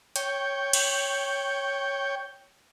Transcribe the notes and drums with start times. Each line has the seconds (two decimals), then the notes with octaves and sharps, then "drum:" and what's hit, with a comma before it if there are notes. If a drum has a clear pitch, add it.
0.16 C#5 G5, drum: hi-hat
0.73 drum: cymbal